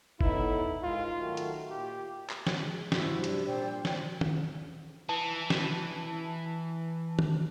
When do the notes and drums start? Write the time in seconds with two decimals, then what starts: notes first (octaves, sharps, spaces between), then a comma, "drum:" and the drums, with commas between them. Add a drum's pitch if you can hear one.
0.21 A2 B3 D#4 E4, drum: kick F#1
0.83 G#2 G#3 F4 A#4
1.17 D#3 F#3 A3
1.37 drum: hi-hat
1.70 A#2 G4
2.30 drum: clap
2.47 drum: snare
2.63 G#3
2.92 G2 C3 E4 F#4, drum: snare
3.24 D5, drum: hi-hat
3.46 A#2 C4 C5 D5 G5
3.85 drum: snare
4.21 drum: tom D#3
5.09 E3 A5
5.50 drum: snare
7.19 drum: tom D#3